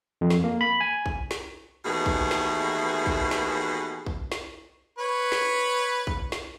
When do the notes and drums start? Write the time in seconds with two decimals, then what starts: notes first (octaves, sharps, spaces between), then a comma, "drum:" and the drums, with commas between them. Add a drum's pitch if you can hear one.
0.21 F2
0.30 drum: snare
0.44 A#3
0.61 B5
0.81 G#5
1.06 drum: kick
1.31 drum: snare
1.85 D#2 B2 E3 A3 G#4
2.06 drum: kick
2.31 drum: snare
3.06 drum: kick
3.31 drum: snare
4.06 drum: kick
4.32 drum: snare
4.98 B4 C#5
5.32 drum: snare
6.07 drum: kick
6.32 drum: snare